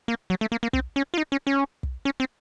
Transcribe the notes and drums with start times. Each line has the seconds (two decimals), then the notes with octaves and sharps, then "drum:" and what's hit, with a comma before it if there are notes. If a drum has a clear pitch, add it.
0.08 A#3
0.30 F#3
0.41 A3
0.52 A#3
0.63 A#3
0.73 C4, drum: kick
0.96 C#4
1.14 F4
1.18 D#4
1.32 C#4
1.47 C#4
1.83 drum: kick
2.05 C#4
2.20 C4